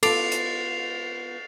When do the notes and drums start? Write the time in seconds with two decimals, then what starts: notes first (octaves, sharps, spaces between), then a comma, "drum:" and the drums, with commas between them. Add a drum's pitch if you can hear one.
0.03 B3 F4 A4 D6 A6 C7 F7, drum: cymbal
0.32 drum: hi-hat